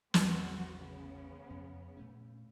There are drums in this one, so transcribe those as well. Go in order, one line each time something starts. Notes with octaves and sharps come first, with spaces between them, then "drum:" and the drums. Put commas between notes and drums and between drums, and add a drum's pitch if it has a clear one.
A1 E2 D3 C4 F#4, drum: snare
C#3 B3
F2
A#2 A3 C#4